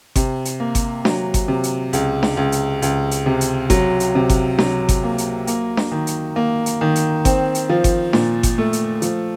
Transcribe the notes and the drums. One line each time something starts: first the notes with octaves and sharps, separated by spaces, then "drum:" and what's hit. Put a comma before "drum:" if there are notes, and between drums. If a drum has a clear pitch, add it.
C3, drum: kick G1, hi-hat
drum: hi-hat
A#3
drum: kick G1, hi-hat
F#3, drum: snare D4
drum: kick G1, hi-hat
C3
drum: hi-hat
C#2, drum: hi-hat
drum: snare D4
C#2
drum: hi-hat
C#2, drum: hi-hat
drum: hi-hat
C3
drum: hi-hat
F#3, drum: kick G1, hi-hat
drum: hi-hat
C3
drum: kick G1, hi-hat
F#3, drum: snare D4
drum: kick G1, hi-hat
A#3
drum: hi-hat
A#3, drum: hi-hat
drum: snare D4
D#3
drum: hi-hat
A#3
drum: hi-hat
D#3
drum: hi-hat
C4, drum: kick G1, hi-hat
drum: hi-hat
F3
drum: kick G1, hi-hat
A#2, drum: snare D4
drum: kick G1, hi-hat
A3
drum: hi-hat
F3, drum: hi-hat